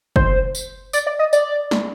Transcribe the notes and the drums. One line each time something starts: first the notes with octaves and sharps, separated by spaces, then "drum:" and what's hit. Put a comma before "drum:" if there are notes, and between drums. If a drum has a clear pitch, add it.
C5, drum: kick F#1
drum: tambourine
D5, drum: tambourine
D5
D#5
D5, drum: tambourine
drum: snare